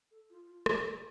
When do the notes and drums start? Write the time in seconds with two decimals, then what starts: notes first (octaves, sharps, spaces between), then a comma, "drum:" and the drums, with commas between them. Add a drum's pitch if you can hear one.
0.11 A4
0.30 F4
0.47 F4
0.66 F#4, drum: rim click
0.85 G#4